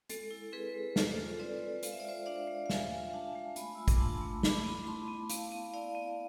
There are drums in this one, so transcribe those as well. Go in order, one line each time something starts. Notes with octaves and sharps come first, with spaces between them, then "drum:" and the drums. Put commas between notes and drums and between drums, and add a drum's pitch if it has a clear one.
G#3 A4, drum: hi-hat
E4
C4 G#4 B4
G#3
G#3 A4 C5, drum: snare
F4
C4 B4 D5
G#3
G#3 F5, drum: hi-hat
E5
D5
F4 C5 E5
D4 D5 F5
G#3
F5
G#3 E5 G#5, drum: snare
F4
D4 F5 A5
G#3
A3 G#5 B5, drum: hi-hat
F4 E6
D6, drum: kick, hi-hat
D4 A5 C6
A3
E4 B5 D6, drum: snare
B3
E4 A5 C6
B3
E4 F5 A5, drum: hi-hat
B3
E4 D5 F5
B3